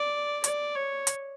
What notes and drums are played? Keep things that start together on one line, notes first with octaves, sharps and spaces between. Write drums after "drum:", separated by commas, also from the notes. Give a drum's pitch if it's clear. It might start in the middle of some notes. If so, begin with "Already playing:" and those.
Already playing: D5
D5, drum: hi-hat
C#5
drum: hi-hat